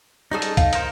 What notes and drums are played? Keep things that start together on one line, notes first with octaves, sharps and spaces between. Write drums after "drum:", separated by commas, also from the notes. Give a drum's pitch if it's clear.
G3 C#4 D#4 G#4 A4
drum: hi-hat
F5, drum: kick, hi-hat
D#4 A#4 C5, drum: hi-hat